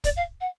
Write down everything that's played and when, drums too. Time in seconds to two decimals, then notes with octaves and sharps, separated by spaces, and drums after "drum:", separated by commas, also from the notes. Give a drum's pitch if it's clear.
0.04 D5, drum: kick, hi-hat
0.16 F5
0.40 F#5